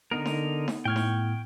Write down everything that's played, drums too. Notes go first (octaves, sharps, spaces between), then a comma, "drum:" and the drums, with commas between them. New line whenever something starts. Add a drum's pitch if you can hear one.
D3 B3 D#4 A#4
drum: snare D#4
drum: snare D#4
A2 G5 C#6 F6 G#6
drum: snare D#4